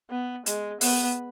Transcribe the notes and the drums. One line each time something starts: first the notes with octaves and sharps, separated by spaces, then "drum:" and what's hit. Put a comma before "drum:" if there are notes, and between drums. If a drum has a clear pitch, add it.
B3
G#3, drum: hi-hat
B3, drum: open hi-hat